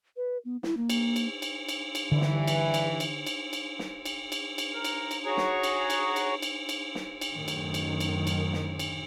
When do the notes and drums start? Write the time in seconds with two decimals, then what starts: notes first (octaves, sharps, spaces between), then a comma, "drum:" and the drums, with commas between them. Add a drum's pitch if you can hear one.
0.16 B4
0.45 B3
0.63 E4, drum: snare
0.77 A#3
0.90 drum: cymbal
1.16 drum: cymbal
1.42 drum: cymbal
1.69 drum: cymbal
1.95 drum: cymbal
2.12 G2 D3 E3
2.21 drum: snare
2.47 drum: cymbal
2.74 drum: cymbal
3.00 drum: cymbal
3.26 drum: cymbal
3.53 drum: cymbal
3.79 drum: snare
4.05 drum: cymbal
4.32 drum: cymbal
4.58 drum: cymbal
4.73 A#4
4.84 drum: cymbal
5.11 drum: cymbal
5.25 F#4 G#4 C#5 A#5 C#6
5.37 drum: snare
5.63 drum: cymbal
5.90 drum: cymbal
6.16 drum: cymbal
6.42 drum: cymbal
6.69 drum: cymbal
6.95 drum: snare
7.21 drum: cymbal
7.36 F#2 A2 D#3
7.48 drum: cymbal
7.74 drum: cymbal
8.00 drum: cymbal
8.27 drum: cymbal
8.53 drum: snare
8.79 drum: cymbal